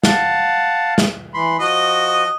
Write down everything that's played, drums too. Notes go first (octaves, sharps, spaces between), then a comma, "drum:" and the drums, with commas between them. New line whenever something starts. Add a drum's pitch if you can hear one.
F5 F#5 A5, drum: snare
drum: snare
E3 B5 C6
F3 F#4 D#5